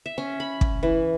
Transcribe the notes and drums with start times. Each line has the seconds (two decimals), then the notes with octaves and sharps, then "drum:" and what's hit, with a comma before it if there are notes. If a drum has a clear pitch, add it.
0.06 E5
0.18 C#4
0.40 B5
0.61 drum: kick
0.83 E3